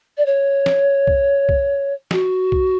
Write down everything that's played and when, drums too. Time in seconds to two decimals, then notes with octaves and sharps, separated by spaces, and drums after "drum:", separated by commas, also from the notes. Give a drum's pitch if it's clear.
0.17 D5
0.25 C#5
0.66 drum: snare
1.07 drum: kick B1
1.49 drum: kick B1
2.11 F#4, drum: snare
2.52 drum: kick B1